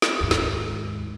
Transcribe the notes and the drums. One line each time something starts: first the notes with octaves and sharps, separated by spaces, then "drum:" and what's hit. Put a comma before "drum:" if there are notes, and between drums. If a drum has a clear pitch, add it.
drum: snare
D#2 G#2
drum: snare